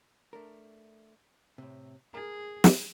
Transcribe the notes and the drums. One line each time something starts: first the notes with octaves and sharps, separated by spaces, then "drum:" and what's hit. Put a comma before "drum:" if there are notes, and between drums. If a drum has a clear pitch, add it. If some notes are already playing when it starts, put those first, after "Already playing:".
A3 D4 A#4
A2 C3
G#4 A#4 A5 A#5
drum: snare